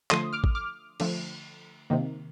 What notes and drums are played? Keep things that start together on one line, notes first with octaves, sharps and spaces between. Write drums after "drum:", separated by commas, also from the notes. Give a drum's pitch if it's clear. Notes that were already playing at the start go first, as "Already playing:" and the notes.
D3 F3 A3 C6 D#6, drum: clap
D6 F6
drum: kick
D6 F6
D3 F3 A3, drum: cymbal
C3 D#3 A#3